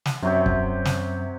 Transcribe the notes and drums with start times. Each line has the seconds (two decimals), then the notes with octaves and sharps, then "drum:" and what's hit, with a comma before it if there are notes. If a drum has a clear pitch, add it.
0.06 drum: snare
0.23 F#2 C3 F#3 G4
0.46 drum: kick
0.85 drum: snare